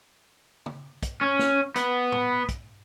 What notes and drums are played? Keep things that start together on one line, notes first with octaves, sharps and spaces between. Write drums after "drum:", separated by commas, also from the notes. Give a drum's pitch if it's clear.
drum: tom
drum: kick, hi-hat
C#4
drum: snare
B3, drum: hi-hat
drum: tom
drum: kick, hi-hat